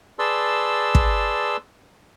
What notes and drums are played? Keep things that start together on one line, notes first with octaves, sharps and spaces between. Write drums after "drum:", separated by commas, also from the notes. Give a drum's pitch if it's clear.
G#4 B4 D5 A5 C6 E6
drum: kick